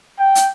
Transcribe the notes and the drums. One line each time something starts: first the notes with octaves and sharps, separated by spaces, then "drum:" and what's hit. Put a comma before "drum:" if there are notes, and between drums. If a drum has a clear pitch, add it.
G5
drum: hi-hat